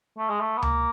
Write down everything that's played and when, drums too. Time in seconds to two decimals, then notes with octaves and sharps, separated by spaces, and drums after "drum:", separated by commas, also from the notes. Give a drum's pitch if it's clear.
0.18 A3
0.30 G#3
0.40 A3
0.57 B3
0.62 A#3, drum: tom C#2